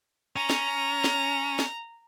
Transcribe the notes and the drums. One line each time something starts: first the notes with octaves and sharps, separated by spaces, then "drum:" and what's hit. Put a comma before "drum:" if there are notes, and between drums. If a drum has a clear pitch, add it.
C#4 A#5
drum: snare
drum: snare
drum: snare